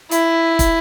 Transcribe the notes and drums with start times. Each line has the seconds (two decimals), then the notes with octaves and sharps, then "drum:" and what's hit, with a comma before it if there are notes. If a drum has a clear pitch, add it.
0.11 E4, drum: hi-hat
0.59 drum: kick, hi-hat